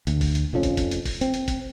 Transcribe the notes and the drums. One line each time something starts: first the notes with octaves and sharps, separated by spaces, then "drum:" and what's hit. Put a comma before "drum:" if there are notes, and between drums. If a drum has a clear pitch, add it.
D2, drum: hi-hat
drum: kick, open hi-hat
drum: hi-hat
F1 F2 F3 C#4
drum: kick, hi-hat
drum: kick, hi-hat
drum: hi-hat
drum: kick, open hi-hat
C4, drum: hi-hat
drum: hi-hat
drum: kick, hi-hat